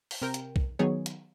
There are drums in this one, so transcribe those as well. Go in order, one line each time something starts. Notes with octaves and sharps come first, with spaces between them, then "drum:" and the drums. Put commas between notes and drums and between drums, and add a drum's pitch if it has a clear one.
drum: open hi-hat
C3 A#4 G5
drum: hi-hat
drum: kick
D#3 F#3 B3 D#4 G#4 C#5
drum: hi-hat